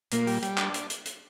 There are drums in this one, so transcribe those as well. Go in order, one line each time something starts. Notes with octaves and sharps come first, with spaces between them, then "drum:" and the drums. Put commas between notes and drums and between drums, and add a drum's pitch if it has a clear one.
A#2 A#3, drum: hi-hat
G3, drum: open hi-hat
G3, drum: hi-hat
D4, drum: clap
drum: hi-hat
drum: hi-hat
drum: hi-hat